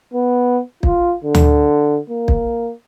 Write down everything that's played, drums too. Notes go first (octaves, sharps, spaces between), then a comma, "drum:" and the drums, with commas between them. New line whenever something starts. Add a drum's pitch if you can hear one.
B3
F4, drum: kick
D3
drum: tom D2
A#3
drum: kick